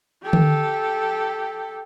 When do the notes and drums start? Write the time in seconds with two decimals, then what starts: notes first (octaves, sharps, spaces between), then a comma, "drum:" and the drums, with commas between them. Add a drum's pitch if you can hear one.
0.23 G4 A4
0.33 drum: tom D3